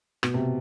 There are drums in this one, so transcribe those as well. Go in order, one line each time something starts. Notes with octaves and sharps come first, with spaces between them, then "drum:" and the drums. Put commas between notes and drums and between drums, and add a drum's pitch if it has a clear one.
B2, drum: rim click
C3